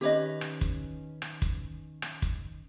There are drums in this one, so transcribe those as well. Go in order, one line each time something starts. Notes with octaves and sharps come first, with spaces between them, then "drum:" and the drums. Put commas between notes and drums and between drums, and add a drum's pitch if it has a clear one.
D#3 C#4 G4 B4 C#5 D#5
drum: rim click
drum: kick
drum: rim click
drum: kick
drum: rim click
drum: kick